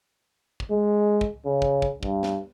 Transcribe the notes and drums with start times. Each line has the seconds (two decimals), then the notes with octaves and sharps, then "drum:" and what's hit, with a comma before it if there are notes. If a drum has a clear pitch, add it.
0.60 drum: kick
0.71 G#3
1.21 drum: kick
1.45 C#3
1.62 drum: kick
1.82 drum: kick
2.03 G2, drum: kick
2.23 drum: snare